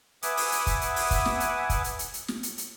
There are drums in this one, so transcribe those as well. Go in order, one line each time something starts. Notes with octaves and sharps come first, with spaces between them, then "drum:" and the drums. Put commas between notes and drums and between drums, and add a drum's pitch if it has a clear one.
B4 E5 F#5 G#5 D6 D#6, drum: hi-hat
drum: open hi-hat
drum: hi-hat
drum: kick, hi-hat
drum: hi-hat
drum: open hi-hat
drum: kick, hi-hat
drum: snare
drum: hi-hat
drum: kick, hi-hat
drum: hi-hat
drum: hi-hat
drum: hi-hat
drum: snare
drum: hi-hat
drum: hi-hat